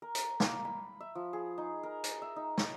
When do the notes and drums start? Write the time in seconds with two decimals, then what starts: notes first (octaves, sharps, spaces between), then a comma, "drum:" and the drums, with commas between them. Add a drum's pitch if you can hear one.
0.02 A#4
0.15 drum: hi-hat
0.40 A#3, drum: snare
0.65 B5
1.01 E5
1.15 F3
1.33 G#4
1.58 D#4
1.83 A#4
2.04 drum: hi-hat
2.22 E5
2.36 D#4
2.58 C#5, drum: snare